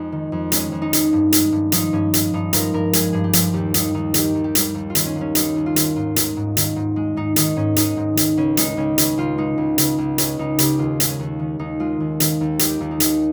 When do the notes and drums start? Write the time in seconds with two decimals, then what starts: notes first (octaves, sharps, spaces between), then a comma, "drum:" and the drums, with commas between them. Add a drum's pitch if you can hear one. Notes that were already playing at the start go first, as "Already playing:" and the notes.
Already playing: F2 G#3 D#4
0.12 D#3
0.32 F2
0.52 G#3 C#4, drum: hi-hat
0.72 F2
0.82 D#4
0.93 D#3, drum: hi-hat
1.13 G2
1.32 G#3, drum: hi-hat
1.52 G2
1.72 F3 D#4, drum: hi-hat
1.93 G2 C#4
2.14 G#3, drum: hi-hat
2.34 G2 D#4
2.53 F3 A#4, drum: hi-hat
2.74 G2 A#4
2.93 G#3 G#4, drum: hi-hat
3.13 G2 G#4
3.24 G4
3.33 F3, drum: hi-hat
3.53 D#2 G4
3.74 G3 D#4, drum: hi-hat
3.94 D#2 D#4
4.14 D#3 G4, drum: hi-hat
4.35 D#2
4.44 G4
4.55 G3, drum: hi-hat
4.74 D#2
4.90 F4
4.95 D#3, drum: hi-hat
5.06 C#4
5.16 D#2
5.21 C#4
5.35 G3 D#4, drum: hi-hat
5.56 D#2
5.66 F4
5.76 D#3, drum: hi-hat
5.96 G#2 F4
6.16 G#3, drum: hi-hat
6.37 G#2
6.57 D#3, drum: hi-hat
6.76 G#2
6.96 G#3
7.16 G#2 D#4
7.36 D#3 D#4, drum: hi-hat
7.56 G#2 C#4
7.76 G#3 D#4, drum: hi-hat
7.97 G#2
8.17 D#3, drum: hi-hat
8.37 C#2 C#4
8.57 G#3 D#4, drum: hi-hat
8.77 C#2 C#4
8.98 C#3 C#4, drum: hi-hat
9.17 C#2 F4
9.38 G#3 D#4
9.58 C#2
9.78 C#3, drum: hi-hat
9.98 C#2
10.18 G#3 C#4, drum: hi-hat
10.39 C#2 D#4
10.59 C#3 G4, drum: hi-hat
10.79 D#2 F4
11.00 G#3, drum: hi-hat
11.09 C#4
11.19 D#2
11.39 D#3
11.59 D#2 D#4
11.80 G#3 F4
12.00 D#2
12.20 D#3, drum: hi-hat
12.41 D#2
12.59 G#3 G4, drum: hi-hat
12.80 D#2
12.91 D#4
13.00 D#3, drum: hi-hat